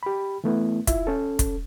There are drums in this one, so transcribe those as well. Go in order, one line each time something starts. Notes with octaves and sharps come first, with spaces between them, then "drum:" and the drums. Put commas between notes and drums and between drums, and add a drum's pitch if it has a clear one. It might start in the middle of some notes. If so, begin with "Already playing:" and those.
G4 B5
E3 A3 B3 E4
E4 F4 E5, drum: kick, hi-hat
C#4 A4
drum: kick, hi-hat